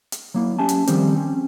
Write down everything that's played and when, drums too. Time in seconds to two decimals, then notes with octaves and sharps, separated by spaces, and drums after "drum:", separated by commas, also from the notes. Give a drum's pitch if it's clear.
0.12 drum: hi-hat
0.34 F#3 A#3 E4
0.59 C#4 G4 E5 G#5 A5
0.69 drum: hi-hat
0.87 D#3 F3 G3 C4 C5, drum: hi-hat
1.15 C4 C#4